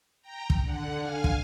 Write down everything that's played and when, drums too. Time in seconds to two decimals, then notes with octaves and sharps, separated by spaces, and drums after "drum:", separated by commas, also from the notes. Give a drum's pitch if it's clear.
0.22 G5 A#5
0.50 drum: kick
0.61 D3 F#5
0.99 D3 F5 G#5 F6
1.24 drum: kick